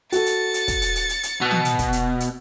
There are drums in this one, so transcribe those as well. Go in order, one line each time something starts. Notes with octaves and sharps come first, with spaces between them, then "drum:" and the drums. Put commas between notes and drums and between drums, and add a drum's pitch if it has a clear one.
F#4 A4 A6 C#7, drum: hi-hat
drum: hi-hat
drum: hi-hat
drum: kick, hi-hat
drum: hi-hat
drum: hi-hat
drum: hi-hat
drum: hi-hat
B2 E6 F#6
drum: tom
drum: hi-hat
drum: kick, hi-hat
drum: hi-hat
drum: hi-hat